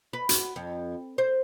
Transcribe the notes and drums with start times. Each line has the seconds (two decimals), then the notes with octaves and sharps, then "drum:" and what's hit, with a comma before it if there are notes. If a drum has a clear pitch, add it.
0.13 B4
0.29 F#4, drum: hi-hat
0.56 F2
1.18 C5